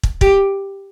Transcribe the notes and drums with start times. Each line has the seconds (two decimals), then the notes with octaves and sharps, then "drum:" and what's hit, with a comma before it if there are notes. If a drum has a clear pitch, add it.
0.03 drum: kick
0.21 G4, drum: kick